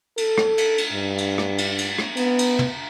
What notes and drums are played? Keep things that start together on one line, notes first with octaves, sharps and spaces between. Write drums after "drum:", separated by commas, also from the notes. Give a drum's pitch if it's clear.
A4, drum: cymbal
drum: rim click
drum: cymbal
drum: cymbal
G2
drum: cymbal
drum: rim click
drum: cymbal
drum: cymbal
drum: rim click
B3, drum: cymbal
drum: cymbal
drum: tom